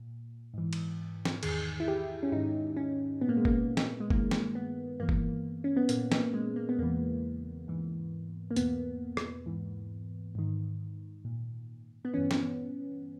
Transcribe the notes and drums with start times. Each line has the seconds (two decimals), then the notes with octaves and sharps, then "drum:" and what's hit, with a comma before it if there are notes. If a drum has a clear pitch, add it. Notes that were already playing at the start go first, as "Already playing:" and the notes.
Already playing: A#2
0.54 G#2 E3
0.73 drum: cymbal
1.25 drum: snare
1.43 E2 D#3 G#4, drum: cymbal
1.80 E4
1.88 G4
2.23 C#4
2.32 G#2 D#3 D#4
2.77 C#4
3.21 A#2 B3
3.29 A#3
3.37 G#3
3.45 A#3, drum: kick F#1
3.77 drum: snare
4.00 G#3
4.10 G2 D#3 A#3, drum: kick F#1
4.31 drum: snare
4.55 B3
5.00 G2 E3 A#3
5.09 drum: kick F#1
5.64 C#4
5.77 B3
5.89 A#2 A#3, drum: hi-hat
6.12 A#3, drum: snare
6.34 G#3
6.56 A#3
6.69 B3
6.79 E2 C#3 E3 A#3
7.68 G#2 E3
8.51 A#3
8.56 E2 B2 B3, drum: hi-hat
9.17 drum: rim click
9.46 G#2 E3
10.35 G#2 D#3
11.25 A#2
12.05 B3
12.14 G2 E3 C#4
12.31 drum: snare